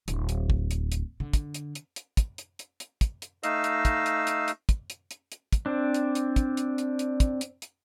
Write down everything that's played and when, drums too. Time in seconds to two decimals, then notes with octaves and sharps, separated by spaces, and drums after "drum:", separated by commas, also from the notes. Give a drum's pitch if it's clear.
0.08 D1, drum: hi-hat
0.29 drum: hi-hat
0.50 drum: kick
0.71 drum: hi-hat
0.92 drum: hi-hat
1.20 D3
1.33 drum: kick, hi-hat
1.54 drum: hi-hat
1.75 drum: hi-hat
1.96 drum: hi-hat
2.17 drum: kick, hi-hat
2.38 drum: hi-hat
2.59 drum: hi-hat
2.80 drum: hi-hat
3.01 drum: kick, hi-hat
3.22 drum: hi-hat
3.43 A3 D#4 D#5 F5 E6, drum: hi-hat
3.64 drum: hi-hat
3.85 drum: kick, hi-hat
4.06 drum: hi-hat
4.27 drum: hi-hat
4.48 drum: hi-hat
4.69 drum: kick, hi-hat
4.90 drum: hi-hat
5.11 drum: hi-hat
5.32 drum: hi-hat
5.53 drum: kick, hi-hat
5.66 C4 D4
5.94 drum: hi-hat
6.15 drum: hi-hat
6.36 drum: kick, hi-hat
6.57 drum: hi-hat
6.78 drum: hi-hat
6.99 drum: hi-hat
7.20 drum: kick, hi-hat
7.41 drum: hi-hat
7.62 drum: hi-hat